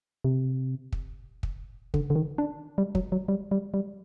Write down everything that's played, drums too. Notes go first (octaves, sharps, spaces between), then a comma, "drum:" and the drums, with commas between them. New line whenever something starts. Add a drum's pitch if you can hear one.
C3
drum: kick
drum: kick
D3, drum: kick
D3
D#3
D4
G3
F#3, drum: kick
F#3
G3
G3
G3